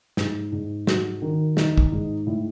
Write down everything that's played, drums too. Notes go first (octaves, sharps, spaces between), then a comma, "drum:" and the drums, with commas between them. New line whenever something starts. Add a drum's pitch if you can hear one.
G#2, drum: snare
G#2
F#4, drum: snare
D#3
D#4, drum: snare
drum: kick
G#2
A2